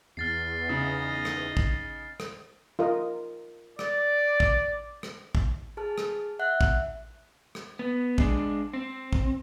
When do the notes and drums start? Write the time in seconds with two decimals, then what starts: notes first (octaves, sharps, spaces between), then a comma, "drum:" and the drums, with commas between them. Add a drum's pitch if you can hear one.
0.17 E2 F6 A6 C7
0.69 C#3 D#4 D#5
1.25 drum: rim click
1.57 drum: kick
2.20 drum: rim click
2.79 F4 A#4 D#5
3.79 D5, drum: rim click
4.40 drum: kick
5.03 drum: rim click
5.35 drum: kick
5.77 G#4 A5 F6
5.98 drum: rim click
6.39 E5 F#5 F#6
6.61 drum: kick
7.55 drum: rim click
7.79 B3
8.18 G#3 D4, drum: kick
8.73 C4
9.13 drum: kick